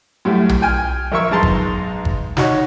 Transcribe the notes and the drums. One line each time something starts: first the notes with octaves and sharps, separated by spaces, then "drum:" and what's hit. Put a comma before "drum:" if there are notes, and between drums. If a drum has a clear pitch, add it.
F#2 A2 G3 A3
drum: tom B1
G5 G#5 F6
A#1 A#4 E5 C#6 E6
B1 G#2 G#3 A5 A#5 C6
drum: kick G1
drum: kick G1
D#4 F#4 C#5, drum: snare